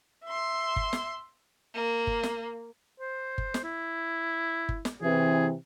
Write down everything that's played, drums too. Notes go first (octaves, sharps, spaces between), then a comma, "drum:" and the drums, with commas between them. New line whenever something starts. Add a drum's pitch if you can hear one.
E5 C6
drum: kick G1
drum: snare
A#3
drum: kick G1
drum: snare
C5
drum: kick G1
drum: snare
E4
drum: kick G1
drum: snare
C3 E3 G#4